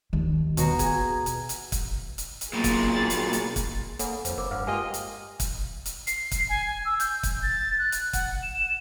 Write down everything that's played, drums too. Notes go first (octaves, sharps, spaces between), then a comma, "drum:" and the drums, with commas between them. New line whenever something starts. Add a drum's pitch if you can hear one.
D#2 D#3
D#2 B2 F#4 A#5, drum: hi-hat
G#4 G#5, drum: kick, hi-hat
drum: hi-hat
drum: hi-hat
drum: kick, hi-hat
drum: hi-hat
drum: hi-hat
B1 A#2 A#3 G#4 A6
drum: kick, hi-hat
drum: hi-hat
drum: hi-hat
drum: kick, hi-hat
A#3 A4 C#5 F#5 G#5 B5, drum: hi-hat
F2 C5, drum: hi-hat
F#1 A#4 C#5 D6
G2 F5 F#5 D6 F6
G#3 A#3 F4 G4 B4 D#5 G5 G#5
drum: hi-hat
drum: kick, hi-hat
drum: hi-hat
C7, drum: hi-hat
drum: kick, hi-hat
G#5
G#5
E6
G6, drum: hi-hat
drum: kick, hi-hat
A6
F#6
drum: hi-hat
F#5, drum: kick, hi-hat
E7